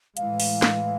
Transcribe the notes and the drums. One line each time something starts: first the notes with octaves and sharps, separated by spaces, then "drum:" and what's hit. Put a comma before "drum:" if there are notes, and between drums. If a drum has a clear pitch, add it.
A2 E3 G#3 F5, drum: hi-hat
drum: open hi-hat
drum: snare